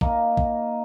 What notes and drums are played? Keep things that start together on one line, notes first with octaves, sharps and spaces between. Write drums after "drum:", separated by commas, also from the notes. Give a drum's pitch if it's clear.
A#3 D#4, drum: kick
drum: kick